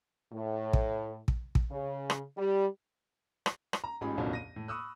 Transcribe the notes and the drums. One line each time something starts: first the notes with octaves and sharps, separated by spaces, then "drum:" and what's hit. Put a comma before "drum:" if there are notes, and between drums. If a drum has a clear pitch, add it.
A2
drum: kick
drum: kick
drum: kick
C#3
drum: rim click
G3
drum: rim click
drum: rim click
A#5
A1 G#2 F4 G4 G#4 B5
G1 C2 F2 A#2 D3 F#3
A#6 D#7
A2
B5 C#6 D#6 E6 F#6